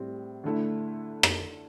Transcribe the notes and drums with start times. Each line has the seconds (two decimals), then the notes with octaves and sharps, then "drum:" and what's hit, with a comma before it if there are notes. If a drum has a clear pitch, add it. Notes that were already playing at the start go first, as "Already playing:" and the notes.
Already playing: A2 G3 C4
0.44 D2 D3 A3 E4
1.23 drum: rim click